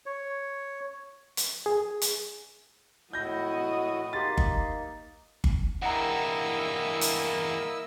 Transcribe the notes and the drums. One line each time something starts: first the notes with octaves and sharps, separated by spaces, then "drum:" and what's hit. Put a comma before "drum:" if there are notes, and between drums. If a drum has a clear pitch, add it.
C#5
drum: hi-hat
G#4
drum: hi-hat
A2 E4 F#4 D#5 G6 A#6
A#3 D#4 G4 C6 A6
drum: kick G1
drum: kick G1
E2 G2 A#3 E4 D#5 F#5 A#5 E6
drum: hi-hat